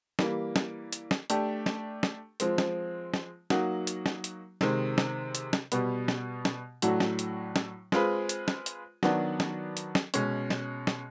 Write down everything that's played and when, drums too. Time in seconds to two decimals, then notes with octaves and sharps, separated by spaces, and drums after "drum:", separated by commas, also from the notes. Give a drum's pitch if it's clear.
0.19 E3 G3 A#3, drum: snare
0.56 drum: snare
0.93 drum: hi-hat
1.11 drum: snare
1.30 A3 D4 G4, drum: hi-hat
1.66 drum: snare
2.03 drum: snare
2.40 F3 G#3 C4, drum: hi-hat
2.58 drum: snare
3.14 drum: snare
3.50 F#3 A#3 D#4 F#4, drum: snare
3.87 drum: hi-hat
4.06 drum: snare
4.24 drum: hi-hat
4.61 C3 D#3 G#3 C4, drum: snare
4.98 drum: snare
5.35 drum: hi-hat
5.53 drum: snare
5.72 B2 G3 B3, drum: hi-hat
6.08 drum: snare
6.45 drum: snare
6.82 A2 F#3 A3 D4 F#4, drum: hi-hat
7.00 drum: snare
7.19 drum: hi-hat
7.56 drum: snare
7.92 G#3 C4 F4 G#4 B4, drum: snare
8.29 drum: hi-hat
8.48 drum: snare
8.66 drum: hi-hat
9.03 D#3 F#3 B3 D4 F#4, drum: snare
9.40 drum: snare
9.77 drum: hi-hat
9.95 drum: snare
10.14 B2 G#3 C#4, drum: hi-hat
10.50 drum: snare
10.87 drum: snare